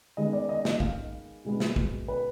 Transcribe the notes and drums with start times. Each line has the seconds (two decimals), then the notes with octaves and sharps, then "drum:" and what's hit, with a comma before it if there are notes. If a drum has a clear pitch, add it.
0.17 D#3 G#3 B3 D#5
0.33 D5
0.49 D#5
0.65 D#5, drum: snare
0.80 F5, drum: kick
1.45 B2 G#3 B3
1.60 drum: snare
1.76 drum: kick
2.08 B4